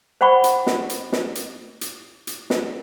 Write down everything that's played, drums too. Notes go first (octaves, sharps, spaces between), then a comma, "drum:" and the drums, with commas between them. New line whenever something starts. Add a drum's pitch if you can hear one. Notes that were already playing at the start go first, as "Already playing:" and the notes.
C5 F#5 G5 B5 C#6
drum: hi-hat
drum: snare
drum: hi-hat
drum: snare
drum: hi-hat
drum: hi-hat
drum: hi-hat
drum: snare